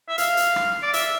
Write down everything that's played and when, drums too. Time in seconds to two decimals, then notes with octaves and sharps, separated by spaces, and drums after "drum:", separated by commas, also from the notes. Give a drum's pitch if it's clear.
0.09 E5
0.18 F5, drum: hi-hat
0.37 drum: hi-hat
0.56 drum: rim click
0.83 D5
0.93 E5, drum: hi-hat